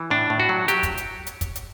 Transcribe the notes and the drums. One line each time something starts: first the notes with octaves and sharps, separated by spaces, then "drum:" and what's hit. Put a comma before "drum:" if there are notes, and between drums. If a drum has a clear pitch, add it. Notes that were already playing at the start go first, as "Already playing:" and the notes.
Already playing: E3
A2 D4
A2
F#4
F#3
F#3 G4, drum: hi-hat
drum: kick, hi-hat
drum: hi-hat
drum: hi-hat
drum: kick, hi-hat
drum: hi-hat